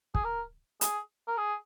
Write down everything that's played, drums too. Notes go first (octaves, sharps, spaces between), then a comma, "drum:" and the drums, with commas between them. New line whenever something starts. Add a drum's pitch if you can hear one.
G#4, drum: kick
A#4
G#4, drum: hi-hat
A#4
G#4